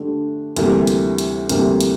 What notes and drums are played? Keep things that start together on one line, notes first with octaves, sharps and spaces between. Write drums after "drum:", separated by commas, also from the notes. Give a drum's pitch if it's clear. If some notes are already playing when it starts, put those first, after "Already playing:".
Already playing: D3 A3 D4 G4
D2 C3 E3 G3 A#3, drum: hi-hat
drum: hi-hat
drum: hi-hat
D2 C3 E3 G3 A#3, drum: hi-hat
drum: hi-hat